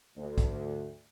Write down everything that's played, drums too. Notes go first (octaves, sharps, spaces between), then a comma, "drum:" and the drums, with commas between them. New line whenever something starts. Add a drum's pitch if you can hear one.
D2
drum: kick, hi-hat